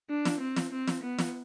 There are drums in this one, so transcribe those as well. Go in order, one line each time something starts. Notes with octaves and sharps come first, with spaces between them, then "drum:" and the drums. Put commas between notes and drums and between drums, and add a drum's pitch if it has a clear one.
D4
drum: snare
C4
drum: snare
C4
drum: snare
B3
drum: snare